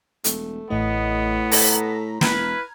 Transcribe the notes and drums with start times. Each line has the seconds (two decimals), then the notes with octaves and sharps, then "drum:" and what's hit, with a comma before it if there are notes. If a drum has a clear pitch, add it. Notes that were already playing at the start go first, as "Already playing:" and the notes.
0.24 E1 A3, drum: hi-hat
0.70 A1 A2 A3 B3 D#5
1.52 A4 A#5 A#6 B6, drum: open hi-hat
2.21 E1 E4 B4 A#5 F6 G#6, drum: snare